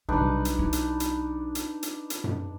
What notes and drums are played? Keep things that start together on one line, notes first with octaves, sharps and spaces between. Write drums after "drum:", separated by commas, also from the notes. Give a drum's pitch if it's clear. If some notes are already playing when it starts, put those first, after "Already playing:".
B1 C3 G3 D4 D#4 B4
drum: hi-hat
E4
drum: hi-hat
drum: hi-hat
drum: hi-hat
drum: hi-hat
drum: hi-hat
drum: tom F#2